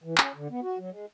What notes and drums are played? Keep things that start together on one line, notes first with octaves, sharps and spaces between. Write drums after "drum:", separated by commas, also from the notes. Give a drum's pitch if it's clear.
E3
C#4, drum: clap
D3
B3
F#4
F#3
G#3